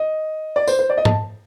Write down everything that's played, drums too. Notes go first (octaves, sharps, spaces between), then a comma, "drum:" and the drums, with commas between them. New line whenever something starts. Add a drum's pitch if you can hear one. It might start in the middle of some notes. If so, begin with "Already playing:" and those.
Already playing: D#5
D5
C5, drum: tambourine
C5
D5
D#5
A5, drum: tom G#2